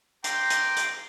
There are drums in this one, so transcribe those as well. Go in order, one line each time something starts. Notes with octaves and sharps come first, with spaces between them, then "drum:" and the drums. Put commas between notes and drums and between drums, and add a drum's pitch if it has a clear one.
G5 A#5 C6 D6, drum: hi-hat
drum: hi-hat
drum: hi-hat